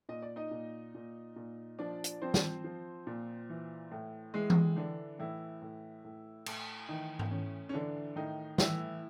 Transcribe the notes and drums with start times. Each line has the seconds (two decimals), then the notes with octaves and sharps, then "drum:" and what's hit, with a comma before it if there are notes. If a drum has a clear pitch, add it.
0.09 A#2 D#5
0.22 D5
0.36 D#4 D#5
0.51 A#2
0.95 A#2
1.36 A#2
1.79 F3 D4 D5
2.04 drum: hi-hat
2.22 F3 C4 C5
2.34 drum: snare
2.64 F3
3.07 A#2
3.50 E3
3.91 A2
4.34 E3 G#3 G#4
4.50 drum: tom E3
4.76 D3 E3 D4
5.19 A2 E3 E4
5.62 A2
6.05 A2
6.46 A2, drum: cymbal
6.88 D#3 E3 D#4
7.19 drum: tom G#2
7.31 A2 C#4
7.69 C#4
7.73 D3 E3 D4
8.16 A2 D#3 D#4
8.58 A2 E3 E4, drum: snare